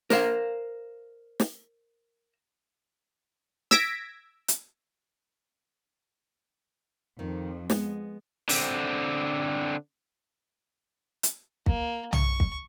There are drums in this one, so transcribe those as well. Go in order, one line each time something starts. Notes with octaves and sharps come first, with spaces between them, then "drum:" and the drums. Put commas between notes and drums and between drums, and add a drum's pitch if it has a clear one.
A#4 C5 F5, drum: snare
drum: snare
E6 G#6 A#6 B6 D7, drum: snare
drum: hi-hat
F2 D#3
G#3 B3, drum: snare
D3 C4, drum: open hi-hat
drum: hi-hat
A#3, drum: kick
C#6, drum: tom
drum: kick